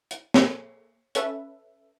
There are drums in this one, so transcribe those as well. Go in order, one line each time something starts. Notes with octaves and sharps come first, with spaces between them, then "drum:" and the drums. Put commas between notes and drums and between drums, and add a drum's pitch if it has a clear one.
drum: hi-hat
A#3 G#4 A4, drum: snare
C#4 A4 B4 E5, drum: hi-hat